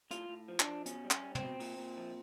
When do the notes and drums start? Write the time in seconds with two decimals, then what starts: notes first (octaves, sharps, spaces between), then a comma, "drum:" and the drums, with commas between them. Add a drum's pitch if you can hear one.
0.11 A2 F4, drum: hi-hat
0.29 A2
0.48 F3
0.60 D4, drum: clap
0.67 F3
0.86 B2 C#4, drum: hi-hat
1.05 G3
1.11 C#4, drum: clap
1.23 G3
1.35 C4, drum: tom
1.42 B2
1.60 A#2, drum: open hi-hat
1.78 A#2
1.97 F3